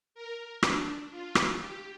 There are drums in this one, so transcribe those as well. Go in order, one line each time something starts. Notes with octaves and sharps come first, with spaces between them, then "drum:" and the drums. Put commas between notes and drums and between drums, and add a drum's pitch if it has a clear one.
A#4
D4, drum: rim click
F4
drum: rim click
G4